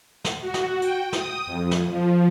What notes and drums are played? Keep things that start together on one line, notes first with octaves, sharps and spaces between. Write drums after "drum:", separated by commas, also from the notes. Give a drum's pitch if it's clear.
drum: snare
F#4
drum: snare
G5, drum: hi-hat
D#6, drum: snare
F2
drum: snare
F3